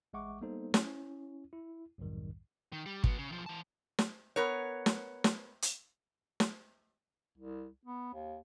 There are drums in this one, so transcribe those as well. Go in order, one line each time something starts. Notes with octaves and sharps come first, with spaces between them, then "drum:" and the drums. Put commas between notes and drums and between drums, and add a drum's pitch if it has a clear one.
A1 G#3 E5 F#5 C#6 D6
G3 A#3 B3 D#4 A4 C5
C#4 E4, drum: snare
E4
B1 F2 G#2 D#3 G3
D#3
G3
F#3 B3, drum: kick
C#3
B1 F3
E3 A5
drum: snare
B3 A#4 C#5
drum: snare
drum: snare
drum: hi-hat
drum: snare
C2
B3
D#2